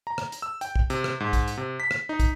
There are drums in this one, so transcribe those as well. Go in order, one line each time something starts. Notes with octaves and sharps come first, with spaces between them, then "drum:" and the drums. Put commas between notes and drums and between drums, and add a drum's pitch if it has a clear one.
A#5
drum: rim click
drum: hi-hat
E6
G5, drum: hi-hat
drum: kick
C3, drum: hi-hat
drum: rim click
G#2
drum: kick, hi-hat
drum: hi-hat
C3
B6
drum: rim click
D#4
drum: kick, hi-hat